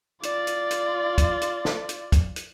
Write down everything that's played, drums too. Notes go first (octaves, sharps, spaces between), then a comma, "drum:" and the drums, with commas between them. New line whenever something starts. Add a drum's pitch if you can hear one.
F4 D5, drum: hi-hat
drum: hi-hat
drum: hi-hat
drum: kick, hi-hat
drum: hi-hat
drum: snare
drum: hi-hat
drum: kick, hi-hat
drum: hi-hat